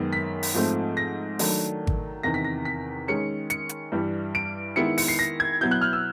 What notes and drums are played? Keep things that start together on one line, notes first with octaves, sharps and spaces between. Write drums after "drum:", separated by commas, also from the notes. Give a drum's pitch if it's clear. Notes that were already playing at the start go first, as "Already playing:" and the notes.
Already playing: F#2 D#3 G#3 B3
B6
drum: open hi-hat
G#2 F3 A3 C4
A#6
D#3 F#3 A3 D4, drum: open hi-hat
drum: kick G#1
E2 C3 D#3 A#6
B6
A#6
B6
D#3 G#3 C#4 C#7
C#7, drum: hi-hat
drum: hi-hat
G2 E3 G3
D7
D#3 G#3 B3 E4 C#7
C#7, drum: open hi-hat
C7
A#6
G#6
B2 F#3 B3 E4 G6
F#6
F6
E6